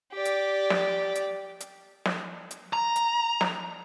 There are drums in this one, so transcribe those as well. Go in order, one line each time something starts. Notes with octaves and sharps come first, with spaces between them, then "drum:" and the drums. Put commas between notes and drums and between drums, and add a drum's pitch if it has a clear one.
G4 D5
drum: hi-hat
drum: snare
drum: hi-hat
drum: hi-hat
drum: snare
drum: hi-hat
A#5
drum: hi-hat
drum: snare